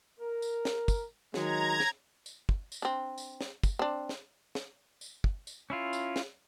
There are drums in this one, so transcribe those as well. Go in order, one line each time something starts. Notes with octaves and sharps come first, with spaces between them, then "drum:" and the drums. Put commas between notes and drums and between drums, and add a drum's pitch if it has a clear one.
A#4
drum: tambourine
drum: snare
drum: kick, tambourine
D#3 F#3 G#3 A#5 G#6, drum: snare
drum: snare
drum: tambourine
drum: kick
drum: tambourine
C4 D4
drum: tambourine
drum: snare
drum: kick, tambourine
C4 D4
drum: snare
drum: snare
drum: tambourine
drum: kick
drum: tambourine
C#4 E4 F4
drum: tambourine
drum: snare